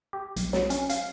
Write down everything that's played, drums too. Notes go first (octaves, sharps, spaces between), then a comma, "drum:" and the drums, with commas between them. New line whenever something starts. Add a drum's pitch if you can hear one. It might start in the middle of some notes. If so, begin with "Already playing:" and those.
G4
B1, drum: hi-hat
F#3, drum: snare
C#4, drum: hi-hat
F5, drum: hi-hat